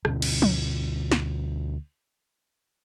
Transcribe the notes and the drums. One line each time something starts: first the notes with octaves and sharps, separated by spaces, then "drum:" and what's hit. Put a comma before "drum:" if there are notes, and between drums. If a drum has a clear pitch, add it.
D2 B2 C4 C#4, drum: rim click
drum: cymbal
drum: tom
drum: snare